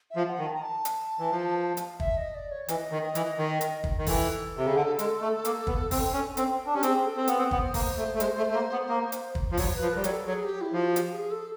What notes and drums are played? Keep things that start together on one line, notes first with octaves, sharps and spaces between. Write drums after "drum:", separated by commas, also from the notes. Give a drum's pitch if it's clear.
E5
F3
F5
F#5
D#3
A5
A#5
A5
drum: hi-hat
E3
F3
drum: hi-hat
E5, drum: kick
D#5
D5
C#5
E3 D#5, drum: hi-hat
D#3
E3, drum: hi-hat
D#3
drum: hi-hat
drum: kick
D#3
E3 A4, drum: kick, open hi-hat
C3
C#3
D3
G#3, drum: hi-hat
A3
A#3, drum: hi-hat
B3, drum: kick
C4, drum: kick, open hi-hat
C#4
C4, drum: hi-hat
D4
C#4 G4
C4 G#4, drum: hi-hat
A4
C4
C5
B3 B4, drum: hi-hat
C4
B3 C5, drum: kick
A#3, drum: kick, open hi-hat
A3
A3
G#3, drum: hi-hat
A3
A3
A#3
B3
A#3
drum: hi-hat
drum: kick
F3
F#3 C#5, drum: kick, open hi-hat
B4
F3
G3 A#4
F#3, drum: hi-hat
A4
F#3 G#4
G4
E4
F3
F#4
G4, drum: hi-hat
G#4
A4